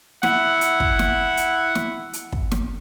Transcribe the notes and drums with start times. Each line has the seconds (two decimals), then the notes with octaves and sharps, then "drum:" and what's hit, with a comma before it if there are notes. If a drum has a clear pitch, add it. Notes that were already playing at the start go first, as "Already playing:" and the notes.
0.23 E4 F#5, drum: snare
0.61 drum: hi-hat
0.80 drum: kick
0.99 drum: snare
1.37 drum: hi-hat
1.75 drum: snare
2.13 drum: hi-hat
2.32 drum: kick
2.51 drum: snare